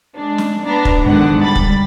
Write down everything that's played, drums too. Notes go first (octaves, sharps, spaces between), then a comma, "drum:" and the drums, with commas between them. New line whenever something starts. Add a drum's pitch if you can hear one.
G#3 D4
drum: snare
B3 D4 A#5
drum: kick
B1 G#2 D3 D#3 D4 F#5
G3 B5 A6
drum: kick